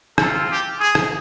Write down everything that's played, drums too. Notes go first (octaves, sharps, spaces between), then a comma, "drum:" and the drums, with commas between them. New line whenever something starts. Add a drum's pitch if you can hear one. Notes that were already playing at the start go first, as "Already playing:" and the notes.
C4 F4 A4, drum: rim click
G4
G#4
drum: rim click